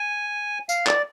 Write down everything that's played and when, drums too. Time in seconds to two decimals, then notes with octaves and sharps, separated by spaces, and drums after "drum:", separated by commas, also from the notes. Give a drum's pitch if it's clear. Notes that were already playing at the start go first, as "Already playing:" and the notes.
Already playing: G#5
0.69 F5, drum: tambourine
0.86 D5, drum: clap